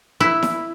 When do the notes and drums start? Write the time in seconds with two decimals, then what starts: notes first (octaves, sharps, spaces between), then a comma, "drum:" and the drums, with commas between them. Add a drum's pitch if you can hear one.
0.20 E4
0.43 drum: snare E4